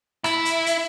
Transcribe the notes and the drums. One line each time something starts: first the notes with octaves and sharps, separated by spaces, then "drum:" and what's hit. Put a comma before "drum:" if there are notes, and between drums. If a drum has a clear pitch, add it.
E4, drum: rim click
drum: hi-hat
drum: hi-hat